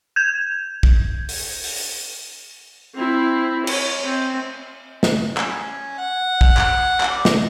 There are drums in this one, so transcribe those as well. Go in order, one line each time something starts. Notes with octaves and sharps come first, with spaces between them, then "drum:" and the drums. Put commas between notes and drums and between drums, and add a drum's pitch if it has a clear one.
G6 G#6
drum: kick
drum: open hi-hat
drum: open hi-hat
C4 E4
C#5, drum: cymbal
C4
drum: snare
C#4, drum: clap
F#5
drum: kick
drum: clap
drum: clap
D5
D#5, drum: snare